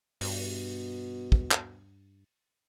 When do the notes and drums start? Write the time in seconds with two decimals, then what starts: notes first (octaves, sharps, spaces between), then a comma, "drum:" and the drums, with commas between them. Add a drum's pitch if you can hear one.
0.21 G2 B2, drum: open hi-hat
1.32 drum: kick
1.51 drum: clap